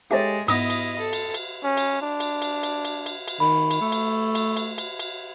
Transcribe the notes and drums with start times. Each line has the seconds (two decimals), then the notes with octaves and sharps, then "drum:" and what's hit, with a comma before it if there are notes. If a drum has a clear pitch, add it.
0.11 G#3 G4 A4 C#5 E5 G#5 A6
0.48 G#2 B3 E4 D#5 D#6 A#6, drum: cymbal
0.70 drum: cymbal
0.98 A4
1.13 drum: cymbal
1.34 drum: cymbal
1.64 C#4
1.77 drum: cymbal
2.02 D4
2.20 drum: cymbal
2.42 drum: cymbal
2.63 drum: cymbal
2.85 drum: cymbal
3.06 drum: cymbal
3.28 drum: cymbal
3.40 D#3 B5
3.71 drum: cymbal
3.81 A3
3.92 drum: cymbal
4.35 drum: cymbal
4.56 drum: cymbal
4.78 drum: cymbal
4.99 drum: cymbal